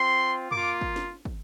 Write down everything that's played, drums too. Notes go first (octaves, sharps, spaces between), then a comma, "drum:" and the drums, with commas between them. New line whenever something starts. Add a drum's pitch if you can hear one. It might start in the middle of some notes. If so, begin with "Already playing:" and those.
Already playing: C4 F4 C6
A#3 F4 D6, drum: tom
drum: kick
drum: snare
drum: kick